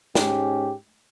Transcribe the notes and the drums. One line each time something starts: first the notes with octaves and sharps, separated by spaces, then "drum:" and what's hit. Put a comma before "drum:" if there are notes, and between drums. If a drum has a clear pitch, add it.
G#2 C#4 G4, drum: snare